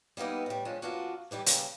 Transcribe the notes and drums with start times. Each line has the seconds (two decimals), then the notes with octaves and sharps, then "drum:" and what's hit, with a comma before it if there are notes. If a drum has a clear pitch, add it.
0.17 G3 A#3 B3 D#4 E4
0.46 A2 G3
0.65 F3 G#3 C#4 D4
0.82 F#2 A#3 B3 D4 F4 F#4
1.31 E3 G3 G4 B4
1.46 C#3 G3 A#3 D4, drum: hi-hat